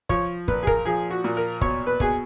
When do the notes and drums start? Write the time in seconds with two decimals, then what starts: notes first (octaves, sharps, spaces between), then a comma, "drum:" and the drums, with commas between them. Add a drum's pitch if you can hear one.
0.09 F3 C#5, drum: kick
0.48 A#2 B4, drum: kick
0.63 G#4
0.67 A#4, drum: kick
0.85 F3 G#4
1.11 F#4
1.24 A#2
1.37 A#4
1.61 B2 C#5, drum: kick
1.87 B4
2.00 B2 G#4, drum: kick